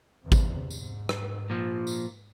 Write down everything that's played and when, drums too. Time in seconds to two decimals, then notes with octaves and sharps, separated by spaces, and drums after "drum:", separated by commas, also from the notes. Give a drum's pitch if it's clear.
0.22 E2 C3
0.32 drum: kick G#1, tambourine
0.71 G#2, drum: tambourine
1.09 drum: rim click
1.50 A#2 F3
1.87 drum: tambourine